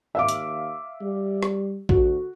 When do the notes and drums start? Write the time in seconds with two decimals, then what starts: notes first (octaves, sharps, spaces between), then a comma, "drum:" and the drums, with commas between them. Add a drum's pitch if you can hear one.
0.15 D#2 E5 F5 D6
0.29 drum: hi-hat
1.01 G3
1.43 drum: rim click
1.89 D2 F#4, drum: kick